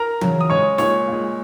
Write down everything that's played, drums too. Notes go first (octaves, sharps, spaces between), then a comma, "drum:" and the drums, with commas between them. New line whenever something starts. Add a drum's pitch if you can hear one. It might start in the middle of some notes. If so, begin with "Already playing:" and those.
Already playing: A#4 A#5
C#3 F#3, drum: tom E3
D#6
C#3 G#3 C#5 C#6
A#2 G#3 C#5 C#6, drum: snare
A#2 G#3